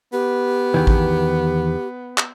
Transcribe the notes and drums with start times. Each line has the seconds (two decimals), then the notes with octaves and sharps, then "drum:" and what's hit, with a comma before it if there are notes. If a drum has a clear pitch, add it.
0.13 B3 G4
0.74 E2 D#3 E3
0.87 drum: kick A1
2.18 drum: clap